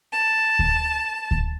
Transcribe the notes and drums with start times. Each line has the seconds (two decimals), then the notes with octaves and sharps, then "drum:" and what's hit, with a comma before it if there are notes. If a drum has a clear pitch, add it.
0.11 A5
0.59 drum: kick D2
1.31 drum: kick D2